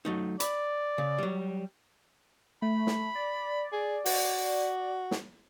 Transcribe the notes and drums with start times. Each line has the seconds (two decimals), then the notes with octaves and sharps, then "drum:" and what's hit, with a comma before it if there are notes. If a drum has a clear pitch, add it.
0.05 F#3 A3 D#4
0.40 D5 B5, drum: hi-hat
0.98 C#3
1.18 F#3 G3
2.62 A3 B5
2.87 drum: snare
3.15 D5
3.72 G#4
4.06 F#4, drum: open hi-hat
5.11 drum: snare